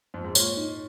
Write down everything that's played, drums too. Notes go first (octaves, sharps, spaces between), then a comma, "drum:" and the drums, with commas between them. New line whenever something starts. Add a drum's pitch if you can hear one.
F2
G#2
A#2 C#5, drum: tambourine
D#4